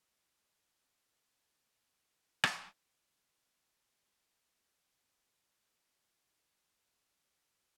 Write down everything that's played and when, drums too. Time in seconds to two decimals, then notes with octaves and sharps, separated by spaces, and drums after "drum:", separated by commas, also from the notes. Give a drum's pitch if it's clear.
0.13 F#3 F5
0.76 E4 G4
1.36 F1 F3 E4 B5
2.05 D#2 C3 F3 A4 A#4 F5
2.44 drum: rim click
2.93 B5
3.31 B5
3.78 C6
4.12 F#6
4.90 A5
5.34 A#4
5.60 B3
6.03 G#4
6.94 G#4 F#5
7.32 A5